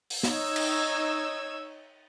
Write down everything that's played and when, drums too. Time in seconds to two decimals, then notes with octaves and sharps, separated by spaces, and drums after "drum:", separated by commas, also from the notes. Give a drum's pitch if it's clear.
0.10 drum: open hi-hat
0.23 D#4 C#5 E6 G#6, drum: snare
0.56 drum: cymbal